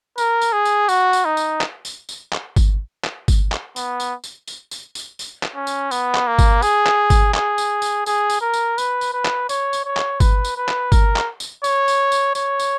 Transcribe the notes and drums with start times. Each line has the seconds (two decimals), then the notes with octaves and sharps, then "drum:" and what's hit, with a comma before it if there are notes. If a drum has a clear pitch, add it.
0.18 A#4, drum: tambourine
0.42 drum: tambourine
0.53 G#4
0.65 drum: tambourine
0.89 F#4, drum: tambourine
1.13 drum: tambourine
1.25 D#4
1.37 drum: tambourine
1.61 drum: clap
1.85 drum: tambourine
2.09 drum: tambourine
2.33 drum: clap
2.56 drum: kick G1, tambourine
3.04 drum: clap
3.28 drum: kick G1, tambourine
3.52 drum: clap
3.76 B3, drum: tambourine
4.00 drum: tambourine
4.24 drum: tambourine
4.48 drum: tambourine
4.71 drum: tambourine
4.95 drum: tambourine
5.19 drum: tambourine
5.43 drum: clap
5.56 C#4
5.67 drum: tambourine
5.91 B3, drum: tambourine
6.15 drum: clap
6.27 A#3
6.39 drum: kick G1, tambourine
6.62 G#4, drum: tambourine
6.86 drum: clap
7.10 drum: kick G1, tambourine
7.34 G#4, drum: clap
7.58 drum: tambourine
7.82 drum: tambourine
8.06 G#4, drum: tambourine
8.30 drum: tambourine
8.41 A#4
8.54 drum: tambourine
8.78 B4, drum: tambourine
9.01 drum: tambourine
9.13 B4
9.25 drum: clap
9.49 C#5, drum: tambourine
9.73 drum: tambourine
9.85 C#5
9.97 drum: clap
10.20 B4, drum: kick G1, tambourine
10.45 drum: tambourine
10.57 B4
10.68 drum: clap
10.92 A#4, drum: kick G1, tambourine
11.16 drum: clap
11.40 drum: tambourine
11.64 C#5, drum: tambourine
11.88 drum: tambourine
12.12 drum: tambourine
12.35 C#5, drum: tambourine
12.60 drum: tambourine